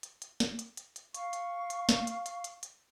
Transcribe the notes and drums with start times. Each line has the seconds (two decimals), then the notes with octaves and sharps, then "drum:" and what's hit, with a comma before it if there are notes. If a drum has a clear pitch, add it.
0.03 drum: hi-hat
0.22 drum: hi-hat
0.40 drum: snare
0.59 drum: hi-hat
0.77 drum: hi-hat
0.96 drum: hi-hat
1.15 F5 C#6, drum: hi-hat
1.33 drum: hi-hat
1.70 drum: hi-hat
1.89 drum: snare
2.07 drum: hi-hat
2.26 drum: hi-hat
2.44 drum: hi-hat
2.63 drum: hi-hat